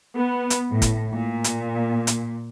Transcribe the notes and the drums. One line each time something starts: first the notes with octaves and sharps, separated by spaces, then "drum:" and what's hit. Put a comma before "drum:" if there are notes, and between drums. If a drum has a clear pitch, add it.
B3
drum: hi-hat
A2
drum: kick, hi-hat
A#2
drum: hi-hat
drum: hi-hat